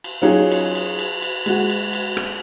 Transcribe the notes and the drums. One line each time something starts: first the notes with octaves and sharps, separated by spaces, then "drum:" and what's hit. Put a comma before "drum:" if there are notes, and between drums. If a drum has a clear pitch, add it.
drum: cymbal
F#3 C#4 D#4 F4 G#4
drum: cymbal
drum: cymbal
drum: cymbal
drum: cymbal
G#3 F#4, drum: cymbal
drum: cymbal
drum: cymbal
drum: rim click